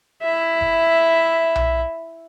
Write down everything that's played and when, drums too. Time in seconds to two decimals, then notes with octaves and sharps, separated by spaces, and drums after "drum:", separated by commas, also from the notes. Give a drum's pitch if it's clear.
0.23 E4 E5
0.61 drum: kick F#1
1.55 drum: tom B1